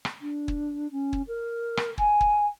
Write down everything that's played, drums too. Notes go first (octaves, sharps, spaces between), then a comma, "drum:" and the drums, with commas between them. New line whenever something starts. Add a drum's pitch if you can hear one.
drum: rim click
D4
drum: kick
C#4
drum: kick
A#4
drum: rim click
G#5, drum: kick
drum: kick